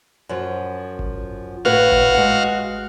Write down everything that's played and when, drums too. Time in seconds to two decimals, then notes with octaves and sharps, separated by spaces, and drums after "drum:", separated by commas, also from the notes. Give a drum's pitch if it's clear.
0.29 F#2 F3
0.99 drum: kick G#1
1.65 A2 F#4 B4 F5
1.92 drum: kick G#1
2.14 G#3 F#5